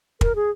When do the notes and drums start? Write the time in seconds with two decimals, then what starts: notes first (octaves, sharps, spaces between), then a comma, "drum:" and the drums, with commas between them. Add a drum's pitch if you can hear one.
0.21 A#4, drum: kick
0.35 G#4